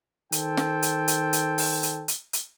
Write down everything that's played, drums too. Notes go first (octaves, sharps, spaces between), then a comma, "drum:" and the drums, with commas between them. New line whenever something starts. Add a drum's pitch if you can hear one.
D#3 A4 C5 G5, drum: hi-hat
drum: snare
drum: hi-hat
drum: hi-hat
drum: hi-hat
drum: open hi-hat
drum: hi-hat
drum: hi-hat
drum: hi-hat